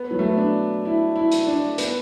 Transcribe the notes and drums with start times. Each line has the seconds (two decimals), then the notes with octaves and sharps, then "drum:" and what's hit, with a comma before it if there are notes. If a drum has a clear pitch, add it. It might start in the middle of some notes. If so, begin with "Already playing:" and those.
Already playing: B3
0.11 F#3
0.19 A3
0.29 B3
0.38 D4
0.85 E4
1.16 E4
1.32 drum: hi-hat
1.47 D4
1.78 B3, drum: hi-hat